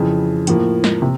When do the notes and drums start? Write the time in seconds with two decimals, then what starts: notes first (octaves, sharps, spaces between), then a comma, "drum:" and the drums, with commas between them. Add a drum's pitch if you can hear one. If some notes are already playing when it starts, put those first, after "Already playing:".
Already playing: F2 C#3 E3
0.47 A2 F3 A#3, drum: hi-hat
0.84 drum: snare
1.02 C3